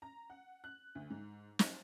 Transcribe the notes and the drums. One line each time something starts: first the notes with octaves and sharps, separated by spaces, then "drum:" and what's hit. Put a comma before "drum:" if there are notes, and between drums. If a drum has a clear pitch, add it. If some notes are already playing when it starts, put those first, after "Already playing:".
A#5
F#5
F#6
D2
G#2
D#4, drum: snare